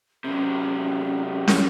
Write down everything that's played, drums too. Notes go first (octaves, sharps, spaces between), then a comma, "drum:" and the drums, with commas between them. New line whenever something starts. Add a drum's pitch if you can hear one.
C3 F#3 C#4
drum: snare